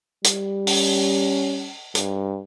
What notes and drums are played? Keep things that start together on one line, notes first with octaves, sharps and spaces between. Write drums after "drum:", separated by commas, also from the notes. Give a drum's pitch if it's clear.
G3, drum: hi-hat
C#4, drum: open hi-hat
G2, drum: hi-hat